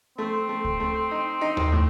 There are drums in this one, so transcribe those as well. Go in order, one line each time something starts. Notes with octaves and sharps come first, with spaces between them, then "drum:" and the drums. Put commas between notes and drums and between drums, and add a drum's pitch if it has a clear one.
A3 C4
A3
drum: kick C#2
A3
D#4
D#4
drum: tom D#2
A2